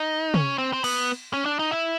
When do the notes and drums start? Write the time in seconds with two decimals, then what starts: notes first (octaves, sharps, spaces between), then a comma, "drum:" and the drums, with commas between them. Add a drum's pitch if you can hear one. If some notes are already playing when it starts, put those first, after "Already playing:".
Already playing: D#4
0.34 C#4, drum: tom
0.58 C4
0.73 C4
0.84 B3, drum: cymbal
1.33 C#4
1.46 D4
1.59 D#4
1.71 E4